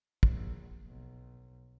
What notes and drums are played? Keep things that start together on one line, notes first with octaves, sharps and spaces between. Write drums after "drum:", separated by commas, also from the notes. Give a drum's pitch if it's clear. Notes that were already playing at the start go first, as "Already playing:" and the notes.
A#1, drum: kick
B1